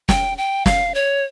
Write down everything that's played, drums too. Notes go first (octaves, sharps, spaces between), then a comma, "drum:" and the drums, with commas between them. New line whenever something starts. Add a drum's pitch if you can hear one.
G5, drum: snare
G5
F5, drum: snare
C#5